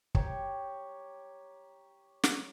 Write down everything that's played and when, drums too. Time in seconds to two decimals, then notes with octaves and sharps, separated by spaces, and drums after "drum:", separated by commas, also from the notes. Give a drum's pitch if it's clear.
0.15 G4 C#5 A#5, drum: kick
2.23 drum: snare